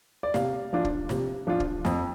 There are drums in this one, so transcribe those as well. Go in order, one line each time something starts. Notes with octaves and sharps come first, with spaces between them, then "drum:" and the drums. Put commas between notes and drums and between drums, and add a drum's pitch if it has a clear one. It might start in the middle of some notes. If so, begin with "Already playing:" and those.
D5
C3 F5, drum: snare
F3 D4 F4
drum: kick
C3, drum: snare
F3 D4 F4
drum: kick
F2, drum: snare